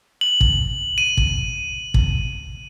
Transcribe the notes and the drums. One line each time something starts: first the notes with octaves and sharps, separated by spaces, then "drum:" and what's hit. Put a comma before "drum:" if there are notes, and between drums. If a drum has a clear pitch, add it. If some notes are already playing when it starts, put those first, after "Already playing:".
F#7
drum: kick
D#7
drum: kick
drum: kick